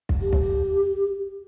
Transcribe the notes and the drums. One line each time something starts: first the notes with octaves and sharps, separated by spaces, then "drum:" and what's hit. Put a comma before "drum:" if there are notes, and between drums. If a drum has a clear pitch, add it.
drum: kick
G4
drum: kick